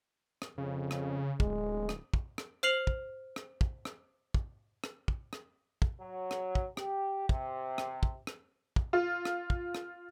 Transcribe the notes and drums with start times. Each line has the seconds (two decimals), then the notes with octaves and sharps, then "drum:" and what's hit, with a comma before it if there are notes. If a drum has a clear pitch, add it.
0.42 drum: rim click
0.58 F2 C#3
0.91 drum: rim click
1.40 D1 G#3, drum: kick
1.89 drum: rim click
2.14 drum: kick
2.38 drum: rim click
2.63 C5 F6 C7 F7 F#7
2.87 drum: kick
3.36 drum: rim click
3.61 drum: kick
3.85 drum: rim click
4.34 drum: kick
4.84 drum: rim click
5.08 drum: kick
5.33 drum: rim click
5.82 drum: kick
6.00 F#3
6.31 drum: rim click
6.55 drum: kick
6.77 G4, drum: rim click
7.29 C3, drum: kick
7.78 drum: rim click
8.03 drum: kick
8.27 drum: rim click
8.76 drum: kick
8.93 F4
9.25 drum: rim click
9.50 drum: kick
9.75 drum: rim click